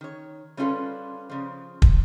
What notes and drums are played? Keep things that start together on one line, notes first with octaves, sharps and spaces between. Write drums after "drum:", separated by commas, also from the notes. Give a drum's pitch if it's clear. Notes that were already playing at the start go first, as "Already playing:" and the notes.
D#3 C#5
G3 C#4 D4 F4 A4 B4
C#3 F3
drum: kick